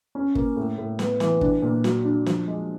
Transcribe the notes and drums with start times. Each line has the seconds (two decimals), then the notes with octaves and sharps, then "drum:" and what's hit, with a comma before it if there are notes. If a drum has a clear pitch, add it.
0.15 C#4
0.35 A#3, drum: kick
0.56 A2
0.78 A2
0.99 B3, drum: snare
1.20 E3, drum: snare
1.41 D4, drum: kick
1.62 A#2
1.84 F#3, drum: snare
2.04 D4
2.26 F3, drum: snare
2.48 G#3